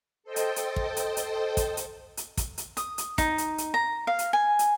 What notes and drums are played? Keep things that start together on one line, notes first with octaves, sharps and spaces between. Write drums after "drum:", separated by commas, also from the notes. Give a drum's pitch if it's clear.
A4 C5 D#5 G5 A5
drum: hi-hat
drum: hi-hat
drum: kick
drum: hi-hat
drum: hi-hat
drum: kick, hi-hat
drum: hi-hat
drum: hi-hat
drum: kick, hi-hat
drum: hi-hat
D#6, drum: hi-hat
drum: hi-hat
D#4, drum: kick, hi-hat
drum: hi-hat
drum: hi-hat
A#5
F5
drum: hi-hat
G#5
drum: hi-hat